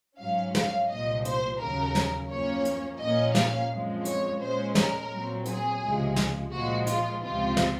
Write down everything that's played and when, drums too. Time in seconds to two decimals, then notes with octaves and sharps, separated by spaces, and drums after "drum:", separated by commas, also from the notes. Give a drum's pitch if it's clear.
0.19 G#2 F#3 C#4 F5
0.55 F5, drum: snare
0.90 C2 A#2 F3 D#5
1.25 C5, drum: hi-hat
1.60 D#2 C#3 F#3 A#4
1.95 drum: snare
2.30 F#2 F3 A#3 C#4 C#5
2.65 drum: hi-hat
3.00 A#2 F3 A#3 C#4 D#5
3.35 F5, drum: snare
3.70 F#2 F3 G#3 C4
4.05 C#5, drum: hi-hat
4.41 A#2 G#3 C#4 C5
4.75 A#4, drum: snare
5.11 A#2 F#3 C4
5.46 G#4, drum: hi-hat
5.81 C#2 C3 F3 G#3
6.16 drum: snare
6.51 A#2 F3 G#3 F#4
6.87 F4, drum: hi-hat
7.22 C#2 C3 F3 C4 F4
7.57 drum: snare